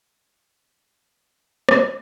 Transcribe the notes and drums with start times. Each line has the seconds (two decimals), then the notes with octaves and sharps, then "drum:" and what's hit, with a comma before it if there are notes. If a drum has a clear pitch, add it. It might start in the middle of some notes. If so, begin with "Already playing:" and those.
0.53 A1 B3 C4 B6
0.99 F#1
1.69 C#3 F#3 A3, drum: rim click